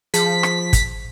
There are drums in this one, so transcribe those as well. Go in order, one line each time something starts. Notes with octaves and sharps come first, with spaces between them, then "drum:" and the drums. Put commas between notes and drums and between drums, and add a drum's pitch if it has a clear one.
F3 G#4 A5 B6, drum: hi-hat
drum: rim click
drum: kick, hi-hat